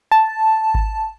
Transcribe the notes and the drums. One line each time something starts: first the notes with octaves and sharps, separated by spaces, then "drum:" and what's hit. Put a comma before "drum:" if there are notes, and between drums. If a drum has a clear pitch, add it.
A5
drum: kick G#1